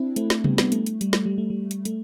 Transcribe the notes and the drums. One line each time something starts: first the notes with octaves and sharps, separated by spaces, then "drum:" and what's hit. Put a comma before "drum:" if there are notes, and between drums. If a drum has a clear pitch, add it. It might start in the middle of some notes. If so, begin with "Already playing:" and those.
Already playing: C4 D4 E4
A3 C4, drum: hi-hat
drum: snare
G3 B3, drum: tom C3
G3 B3, drum: snare
A3, drum: hi-hat
drum: hi-hat
G3, drum: hi-hat
A3, drum: snare
G3
A3
G3
drum: hi-hat
A3, drum: hi-hat